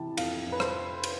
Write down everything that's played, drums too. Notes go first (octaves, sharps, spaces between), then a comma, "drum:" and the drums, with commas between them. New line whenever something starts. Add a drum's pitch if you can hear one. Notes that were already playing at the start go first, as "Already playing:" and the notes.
Already playing: C3 E3 A5
F2 F5, drum: cymbal
F2
B4
C5, drum: rim click
drum: cymbal